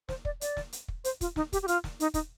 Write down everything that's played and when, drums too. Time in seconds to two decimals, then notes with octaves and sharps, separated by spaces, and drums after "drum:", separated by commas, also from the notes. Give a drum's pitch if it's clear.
0.09 C5, drum: snare
0.25 D5, drum: kick
0.41 D5, drum: hi-hat
0.57 drum: snare
0.73 drum: hi-hat
0.88 drum: kick
1.04 C5, drum: hi-hat
1.21 F4, drum: kick, hi-hat
1.36 D#4, drum: snare
1.53 G4, drum: kick, hi-hat
1.63 G4
1.68 F4, drum: hi-hat
1.84 drum: snare
2.00 D#4, drum: hi-hat
2.14 D#4, drum: kick, hi-hat